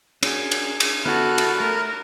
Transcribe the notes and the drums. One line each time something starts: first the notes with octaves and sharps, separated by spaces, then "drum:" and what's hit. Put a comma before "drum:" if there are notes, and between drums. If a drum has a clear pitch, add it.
C#4 D4 F#4 G#4, drum: cymbal
drum: cymbal
drum: cymbal
D3 B3 E4 F#4 A4 B5 F6 F#6
drum: cymbal
A3 A#4